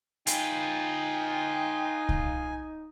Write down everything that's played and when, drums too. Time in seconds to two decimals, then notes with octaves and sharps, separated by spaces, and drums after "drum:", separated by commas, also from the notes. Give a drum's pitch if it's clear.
0.27 D#4 F4 B4 G5 G#5, drum: hi-hat
2.09 drum: kick C2